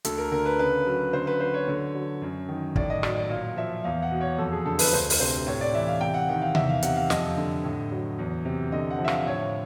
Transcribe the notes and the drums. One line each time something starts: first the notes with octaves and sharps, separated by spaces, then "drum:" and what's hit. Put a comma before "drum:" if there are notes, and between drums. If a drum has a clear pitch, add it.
D2 A4, drum: hi-hat
A#4
D3 A#4
B4
C#3 B4
F#3
D3 C5
B4
F#3 C5
C#5
D3
F#3
F#2
D#3
A2 D5, drum: kick
D#5
F#3 D5, drum: rim click
D5
A#2
F3 E5
E2 F5
F#5
B2
C#5
F2 A4
G#4
D3 A4
B4, drum: open hi-hat
D2 C5
drum: open hi-hat
C3 C5
A2 C#5
D5
E3 E5
F5
C3 G5
F#5
D#3 F#5
F5
E2 E5, drum: tom C3
F5
C3 F#5, drum: hi-hat
F5
F2 D#5, drum: snare
D3
A2
F#3
E2
C3
D3 D#5
F#5
F3
E5
F5, drum: rim click
A2 C#5